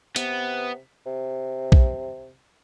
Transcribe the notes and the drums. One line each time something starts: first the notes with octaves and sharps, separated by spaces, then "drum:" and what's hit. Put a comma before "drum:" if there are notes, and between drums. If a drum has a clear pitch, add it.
C3 B3, drum: hi-hat
C3
drum: kick B1